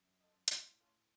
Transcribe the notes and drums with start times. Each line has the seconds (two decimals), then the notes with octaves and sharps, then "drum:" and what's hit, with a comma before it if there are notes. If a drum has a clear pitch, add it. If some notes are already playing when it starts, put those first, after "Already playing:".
Already playing: F#2
0.19 F4 A4 D#5
0.48 F#2 F#4 C5 F5, drum: hi-hat
0.63 A2
0.76 A3 C#4 F4 A4